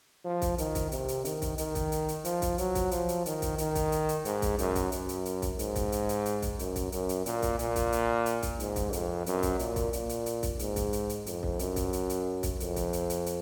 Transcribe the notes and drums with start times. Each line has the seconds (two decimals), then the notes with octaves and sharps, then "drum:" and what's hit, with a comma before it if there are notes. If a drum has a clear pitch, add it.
0.25 F3
0.42 drum: kick, hi-hat
0.58 D#3, drum: hi-hat
0.75 drum: kick, hi-hat
0.92 C3, drum: hi-hat
1.08 drum: hi-hat
1.25 D#3, drum: hi-hat
1.42 drum: kick, hi-hat
1.58 D#3, drum: hi-hat
1.75 drum: kick, hi-hat
1.92 drum: hi-hat
2.08 drum: hi-hat
2.25 F3, drum: hi-hat
2.42 drum: kick, hi-hat
2.58 F#3, drum: hi-hat
2.75 drum: kick, hi-hat
2.91 F3, drum: hi-hat
3.09 drum: hi-hat
3.26 D#3, drum: hi-hat
3.42 drum: kick, hi-hat
3.58 D#3, drum: hi-hat
3.75 drum: kick, hi-hat
3.92 drum: hi-hat
4.09 drum: hi-hat
4.25 G#2, drum: hi-hat
4.42 drum: kick, hi-hat
4.58 F#2, drum: hi-hat
4.75 drum: kick, hi-hat
4.92 F#2, drum: hi-hat
5.09 drum: hi-hat
5.25 drum: hi-hat
5.42 drum: kick, hi-hat
5.59 G#2, drum: hi-hat
5.75 drum: kick, hi-hat
5.92 drum: hi-hat
6.09 drum: hi-hat
6.26 drum: hi-hat
6.42 drum: kick, hi-hat
6.59 F#2, drum: hi-hat
6.76 drum: kick, hi-hat
6.92 F#2, drum: hi-hat
7.09 drum: hi-hat
7.26 A#2, drum: hi-hat
7.42 drum: kick, hi-hat
7.59 A#2, drum: hi-hat
7.76 drum: kick, hi-hat
7.92 drum: hi-hat
8.26 drum: hi-hat
8.42 drum: kick, hi-hat
8.60 G#2, drum: hi-hat
8.76 drum: kick, hi-hat
8.93 F2, drum: hi-hat
9.26 F#2, drum: hi-hat
9.43 drum: kick, hi-hat
9.59 A#2, drum: hi-hat
9.76 drum: kick, hi-hat
9.93 A#2, drum: hi-hat
10.09 drum: hi-hat
10.26 drum: hi-hat
10.43 drum: kick, hi-hat
10.59 G#2, drum: hi-hat
10.76 drum: kick, hi-hat
10.93 drum: hi-hat
11.09 drum: hi-hat
11.26 F2, drum: hi-hat
11.43 drum: kick
11.59 F#2, drum: hi-hat
11.76 drum: kick, hi-hat
11.93 drum: hi-hat
12.10 drum: hi-hat
12.43 drum: kick, hi-hat
12.60 F2, drum: hi-hat
12.76 drum: kick, hi-hat
12.93 drum: hi-hat
13.10 drum: hi-hat
13.26 drum: hi-hat